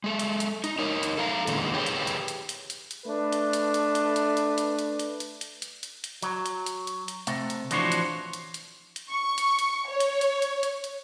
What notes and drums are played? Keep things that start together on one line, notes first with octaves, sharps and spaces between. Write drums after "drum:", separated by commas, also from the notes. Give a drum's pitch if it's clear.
G#3 A4
drum: hi-hat
drum: hi-hat
D#4, drum: hi-hat
D#4 A#4 C#5 D#5
drum: hi-hat
A4 F5 A#5
E2 A#2 D3 D#3 G#3 B3, drum: hi-hat
G4 G#4 B4 C#5 G5
drum: hi-hat
drum: hi-hat
drum: hi-hat
drum: hi-hat
drum: hi-hat
drum: hi-hat
A3 D4 B4
drum: hi-hat
drum: hi-hat
drum: hi-hat
drum: hi-hat
drum: hi-hat
drum: hi-hat
drum: hi-hat
drum: hi-hat
drum: hi-hat
drum: hi-hat
drum: hi-hat
drum: hi-hat
drum: hi-hat
drum: hi-hat
F#3, drum: hi-hat
drum: hi-hat
drum: hi-hat
drum: hi-hat
drum: hi-hat
C3 A3, drum: hi-hat
drum: hi-hat
E3 F3 D4 F#4 C5 C#5, drum: hi-hat
drum: hi-hat
drum: hi-hat
drum: hi-hat
drum: hi-hat
C#6
drum: hi-hat
drum: hi-hat
C#5
drum: hi-hat
drum: hi-hat
drum: hi-hat
drum: hi-hat
drum: hi-hat